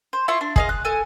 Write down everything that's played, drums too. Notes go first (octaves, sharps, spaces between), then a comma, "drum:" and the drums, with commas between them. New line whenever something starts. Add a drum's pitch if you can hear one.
C5
E4 F4 C6 C#6
D4
G#4 D#5 F5, drum: kick
F#6
A4 G#5